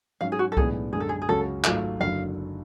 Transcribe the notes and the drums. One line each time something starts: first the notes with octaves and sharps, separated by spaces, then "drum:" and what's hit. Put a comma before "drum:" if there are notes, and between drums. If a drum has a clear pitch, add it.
G#2 F#3 C#4 F5
G#4
F#4
A4
B1 A2 G#3 B3 D4 G#4, drum: kick C2
F#2 D3 G#3 G#4
A4
G#4
G#4
C#2 C#3 F#3 C#4 F#4 A4
G#1 G#2 F#3 A3 F4 F5, drum: clap
F#1 D3 F#3 F5